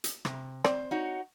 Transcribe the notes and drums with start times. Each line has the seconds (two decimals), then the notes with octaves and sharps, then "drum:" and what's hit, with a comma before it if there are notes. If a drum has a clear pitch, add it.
0.04 drum: hi-hat
0.25 C3, drum: rim click
0.64 C4 C5 D5, drum: rim click
0.91 D#4 F#4 C#5